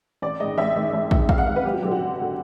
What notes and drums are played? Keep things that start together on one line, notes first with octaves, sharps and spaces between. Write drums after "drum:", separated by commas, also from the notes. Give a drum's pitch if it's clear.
A1 D5
G#2 D#3 D#5
A1 E5
G#2 D#3
A1
G#2 D#3, drum: kick
A1 F5, drum: kick
F#5
G#2 D#3 F5
B4
F#1 G4
F#4
F#2 D3 G4
F#4
F#1
D3